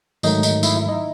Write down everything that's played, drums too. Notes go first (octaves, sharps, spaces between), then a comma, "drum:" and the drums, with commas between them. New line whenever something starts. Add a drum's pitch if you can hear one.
G#2 D#3 F#3 A3 D#4, drum: tambourine
D#4, drum: tambourine
E4, drum: tambourine
E4
D#4